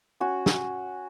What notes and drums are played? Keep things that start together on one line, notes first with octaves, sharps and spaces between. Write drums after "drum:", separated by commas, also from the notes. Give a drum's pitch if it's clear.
C#4 F#4
drum: snare